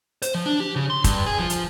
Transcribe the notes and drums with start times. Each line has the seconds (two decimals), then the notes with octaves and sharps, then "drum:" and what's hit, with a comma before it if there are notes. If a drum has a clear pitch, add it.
0.22 C5, drum: hi-hat
0.35 F3
0.46 D4
0.60 G4
0.76 C#3
0.90 C6
1.04 G2, drum: kick, hi-hat
1.26 G#4
1.39 F3
1.50 drum: hi-hat